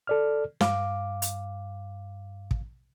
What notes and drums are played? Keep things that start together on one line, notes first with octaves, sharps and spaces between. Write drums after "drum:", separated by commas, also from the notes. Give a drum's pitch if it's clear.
A4 D5 F6
G2 F5 D6, drum: snare
drum: hi-hat
drum: kick